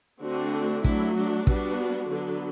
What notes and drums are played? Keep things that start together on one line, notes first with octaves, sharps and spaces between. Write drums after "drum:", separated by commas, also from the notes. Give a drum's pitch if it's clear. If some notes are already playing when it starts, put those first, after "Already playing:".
D3 A3 C4 D4 F#4
F#3 A3 D4 E4, drum: kick
D4 F#4
G3 B3 D4, drum: kick
D3 F#3 B3 D4